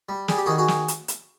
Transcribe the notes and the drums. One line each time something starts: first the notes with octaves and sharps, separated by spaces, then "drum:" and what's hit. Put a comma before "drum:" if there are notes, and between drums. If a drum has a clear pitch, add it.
G3
G3 G#4, drum: snare
G4
D#3 F#4 G#4
F#4 G#4
drum: snare
drum: hi-hat
drum: hi-hat